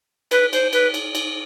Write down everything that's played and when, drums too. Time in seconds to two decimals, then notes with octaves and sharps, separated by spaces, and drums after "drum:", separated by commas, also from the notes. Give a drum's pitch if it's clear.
0.31 B4, drum: cymbal
0.53 C5, drum: cymbal
0.73 B4, drum: cymbal
0.94 drum: cymbal
1.15 drum: cymbal